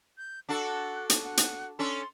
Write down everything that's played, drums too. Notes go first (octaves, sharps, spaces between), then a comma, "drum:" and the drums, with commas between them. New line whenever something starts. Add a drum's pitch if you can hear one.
G6
D4 F#4 A4 F#5
drum: hi-hat
F#5
drum: hi-hat
C#4 D4 A4 C6